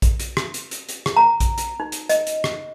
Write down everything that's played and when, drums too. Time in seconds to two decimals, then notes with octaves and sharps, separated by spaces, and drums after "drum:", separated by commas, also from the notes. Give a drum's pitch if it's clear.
0.02 drum: kick A#1, hi-hat
0.20 drum: hi-hat
0.37 drum: rim click
0.54 drum: hi-hat
0.71 drum: hi-hat
0.89 drum: hi-hat
1.06 drum: rim click
1.17 A#5
1.40 drum: kick A#1, hi-hat
1.58 drum: hi-hat
1.80 D#4
1.92 drum: hi-hat
2.09 D#5, drum: hi-hat
2.27 drum: hi-hat
2.44 drum: rim click